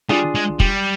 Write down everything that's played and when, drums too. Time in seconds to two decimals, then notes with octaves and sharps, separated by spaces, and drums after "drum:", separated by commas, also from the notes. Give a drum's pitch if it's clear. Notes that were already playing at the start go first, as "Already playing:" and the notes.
0.09 G3 D4 F4 G#4
0.35 G#3
0.60 G3, drum: kick